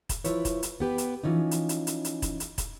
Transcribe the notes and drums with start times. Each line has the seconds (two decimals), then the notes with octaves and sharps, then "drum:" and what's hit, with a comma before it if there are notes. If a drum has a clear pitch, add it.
0.09 drum: kick, hi-hat
0.24 F3 E4 B4 C#5, drum: hi-hat
0.45 drum: kick, hi-hat
0.63 drum: hi-hat
0.80 B3 G4 B4
0.98 drum: hi-hat
1.23 E3 F3 C#4 D#4
1.51 drum: hi-hat
1.69 drum: hi-hat
1.87 drum: hi-hat
2.05 drum: hi-hat
2.22 drum: kick, hi-hat
2.40 drum: hi-hat
2.58 drum: kick, hi-hat